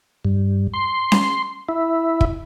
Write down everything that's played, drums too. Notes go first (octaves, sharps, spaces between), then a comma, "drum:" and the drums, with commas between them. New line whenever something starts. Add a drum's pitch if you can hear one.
G2
C6
drum: snare C#4
E4
drum: kick